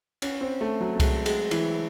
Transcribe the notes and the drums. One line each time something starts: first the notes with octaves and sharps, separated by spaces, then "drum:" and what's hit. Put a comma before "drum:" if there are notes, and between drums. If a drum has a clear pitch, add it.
C#4, drum: cymbal
C4
A3
F#3
A3
G#3, drum: kick C2, cymbal
G#3, drum: cymbal
E3, drum: cymbal